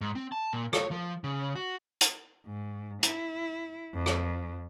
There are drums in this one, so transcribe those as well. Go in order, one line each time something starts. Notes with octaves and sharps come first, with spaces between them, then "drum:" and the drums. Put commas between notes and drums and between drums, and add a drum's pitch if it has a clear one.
G#2
C4
A5
A#2
C#5, drum: rim click
F3
C#3
F#4
drum: hi-hat
G#2
E4, drum: hi-hat
F2
drum: rim click